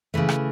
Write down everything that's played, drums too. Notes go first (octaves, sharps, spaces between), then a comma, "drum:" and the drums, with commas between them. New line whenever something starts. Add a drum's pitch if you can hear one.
C#3 E3 A3
drum: rim click